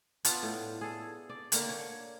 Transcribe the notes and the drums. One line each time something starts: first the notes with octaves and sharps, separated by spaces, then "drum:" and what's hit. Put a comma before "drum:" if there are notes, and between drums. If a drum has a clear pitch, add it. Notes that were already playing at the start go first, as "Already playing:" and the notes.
B3 D4 F4, drum: hi-hat
A2
G#4 A4
D5
D3 A#3 G5, drum: hi-hat
C#5